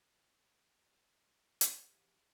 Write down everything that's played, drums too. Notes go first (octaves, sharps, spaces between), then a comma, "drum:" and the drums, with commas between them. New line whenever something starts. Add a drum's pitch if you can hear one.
G2 G3 G#3 G4 A#4 C5 C#5 G#5, drum: hi-hat
E2 A3 E4 G#4 E5